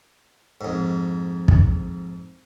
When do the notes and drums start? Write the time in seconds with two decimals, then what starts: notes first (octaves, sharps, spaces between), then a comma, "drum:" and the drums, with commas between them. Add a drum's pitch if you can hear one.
0.61 F2 G#2
1.48 drum: kick